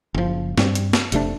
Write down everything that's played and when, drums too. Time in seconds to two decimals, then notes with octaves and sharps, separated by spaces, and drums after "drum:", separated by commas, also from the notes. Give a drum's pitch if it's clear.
0.14 F#1 F3
0.58 G2 G3 C4, drum: snare
0.75 drum: hi-hat
0.93 drum: snare
1.12 F1 C3 A3 D4, drum: hi-hat